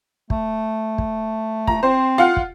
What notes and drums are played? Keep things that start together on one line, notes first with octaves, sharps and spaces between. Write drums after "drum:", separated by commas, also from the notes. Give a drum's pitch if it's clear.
A3, drum: kick
drum: kick
A#5, drum: kick
C4 C5
F4 F#5
drum: kick